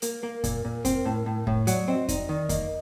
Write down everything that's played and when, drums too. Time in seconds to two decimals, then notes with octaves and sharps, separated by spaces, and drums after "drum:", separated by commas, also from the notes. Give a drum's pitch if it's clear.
0.02 A#3 A#4, drum: hi-hat
0.23 A#3
0.44 A#2, drum: kick F2, hi-hat
0.65 A#2
0.85 C4, drum: kick F2, hi-hat
1.05 A2
1.26 A2
1.47 A2, drum: kick F2
1.67 F#3 D5, drum: hi-hat
1.87 C4 D#5
2.08 D#4 D5, drum: kick F2, hi-hat
2.28 D#3 D5
2.49 A#3 D#5, drum: kick F2, hi-hat